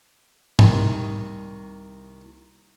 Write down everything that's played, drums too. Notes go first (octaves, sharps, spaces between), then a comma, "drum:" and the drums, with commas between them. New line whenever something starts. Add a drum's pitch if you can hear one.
C2 D#3, drum: tom G#2